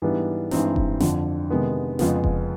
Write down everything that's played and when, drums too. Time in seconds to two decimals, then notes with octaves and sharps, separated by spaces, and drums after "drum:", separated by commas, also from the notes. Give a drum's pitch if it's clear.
0.02 G#2 E3 G3 B3 D4
0.51 G2 E3 G#3 C4 D#4, drum: snare
0.76 drum: kick F1
1.00 F2 D3 F3, drum: snare
1.50 C3 D#3 G#3 B3
1.99 F2 C#3 F3 G#3 B3, drum: snare
2.24 drum: kick F1